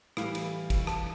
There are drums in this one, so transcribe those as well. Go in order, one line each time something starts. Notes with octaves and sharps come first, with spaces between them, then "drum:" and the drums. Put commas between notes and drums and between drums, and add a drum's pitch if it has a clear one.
A2 E3 G3 F5, drum: rim click
drum: cymbal
drum: kick, cymbal
A5, drum: rim click